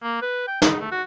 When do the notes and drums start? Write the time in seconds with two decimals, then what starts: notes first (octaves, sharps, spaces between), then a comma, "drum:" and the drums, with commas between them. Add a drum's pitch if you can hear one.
0.03 A#3
0.22 B4
0.47 G5
0.62 D#4, drum: snare
0.80 A3
0.92 F#4